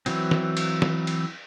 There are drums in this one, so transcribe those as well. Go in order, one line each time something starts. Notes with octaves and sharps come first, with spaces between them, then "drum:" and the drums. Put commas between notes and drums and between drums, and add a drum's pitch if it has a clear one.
E3 F#3 C4, drum: cymbal
drum: snare
drum: cymbal
drum: snare
drum: cymbal